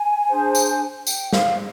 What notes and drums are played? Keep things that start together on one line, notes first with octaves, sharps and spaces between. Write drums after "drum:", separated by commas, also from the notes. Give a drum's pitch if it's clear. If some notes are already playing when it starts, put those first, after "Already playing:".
Already playing: G#5
D4 G#4 C5
drum: tambourine
G5, drum: tambourine
F5, drum: snare